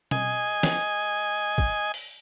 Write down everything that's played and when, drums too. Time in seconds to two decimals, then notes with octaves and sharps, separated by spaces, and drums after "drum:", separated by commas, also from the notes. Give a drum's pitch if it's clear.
0.11 D#5 G#5, drum: tom B2
0.63 drum: snare
1.58 drum: kick
1.94 drum: open hi-hat